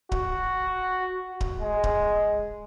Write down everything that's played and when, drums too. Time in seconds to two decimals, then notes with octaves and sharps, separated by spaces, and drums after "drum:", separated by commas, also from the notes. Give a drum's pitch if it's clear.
0.12 F#4, drum: kick D1
1.41 drum: kick D1
1.61 G#3
1.84 drum: kick D1